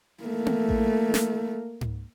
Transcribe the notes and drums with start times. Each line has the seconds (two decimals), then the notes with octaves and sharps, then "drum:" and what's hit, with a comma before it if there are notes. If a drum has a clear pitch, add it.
0.24 A3 A#3
0.46 drum: tom B3
0.69 drum: kick A1
1.14 drum: snare
1.81 drum: tom G#2